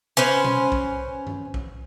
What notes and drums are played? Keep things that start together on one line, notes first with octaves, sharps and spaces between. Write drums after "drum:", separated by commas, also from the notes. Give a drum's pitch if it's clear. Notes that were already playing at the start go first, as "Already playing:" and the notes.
C#4 B4 C5
drum: tom
drum: kick
drum: tom G2
drum: kick